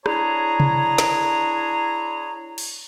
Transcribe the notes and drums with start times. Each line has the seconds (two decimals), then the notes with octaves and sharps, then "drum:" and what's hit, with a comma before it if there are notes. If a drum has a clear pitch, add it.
0.06 D4 E4 G#4 C#5 A#5, drum: rim click
0.60 drum: tom C3
0.98 drum: snare
2.58 drum: cymbal